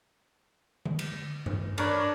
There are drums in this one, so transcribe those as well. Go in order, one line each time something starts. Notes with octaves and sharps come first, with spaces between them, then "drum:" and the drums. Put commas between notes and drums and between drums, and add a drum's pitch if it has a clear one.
drum: tom D3
drum: cymbal
drum: tom G2
D4 A#4 B4 C#5, drum: cymbal